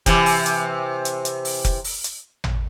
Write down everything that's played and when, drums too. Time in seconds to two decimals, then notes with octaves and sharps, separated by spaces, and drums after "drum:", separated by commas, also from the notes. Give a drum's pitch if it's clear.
0.06 C3 E3, drum: kick F1, hi-hat
0.26 drum: open hi-hat
0.46 drum: hi-hat
1.05 drum: hi-hat
1.25 drum: hi-hat
1.45 drum: open hi-hat
1.65 drum: kick F1, hi-hat
1.84 drum: open hi-hat
2.04 drum: hi-hat
2.44 drum: tom